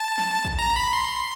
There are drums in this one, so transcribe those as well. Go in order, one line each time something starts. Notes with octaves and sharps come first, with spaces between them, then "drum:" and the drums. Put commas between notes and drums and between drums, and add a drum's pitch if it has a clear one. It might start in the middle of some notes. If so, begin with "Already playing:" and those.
Already playing: A5
drum: snare
drum: kick
A#5
B5
C6